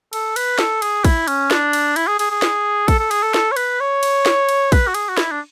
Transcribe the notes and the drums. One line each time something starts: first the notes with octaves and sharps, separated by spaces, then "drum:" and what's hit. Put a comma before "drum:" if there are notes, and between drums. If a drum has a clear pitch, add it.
A4, drum: cymbal
B4, drum: cymbal
A4, drum: snare
G#4, drum: cymbal
E4, drum: kick, cymbal
C#4, drum: cymbal
D4, drum: snare
drum: cymbal
E4, drum: cymbal
G#4
G#4, drum: cymbal
G#4
drum: snare
A4, drum: kick, cymbal
A4
G#4, drum: cymbal
A4
A4, drum: snare
C#5
B4, drum: cymbal
C#5
drum: cymbal
drum: snare
drum: cymbal
B4, drum: kick, cymbal
F#4
G#4, drum: cymbal
F#4
E4, drum: snare
D4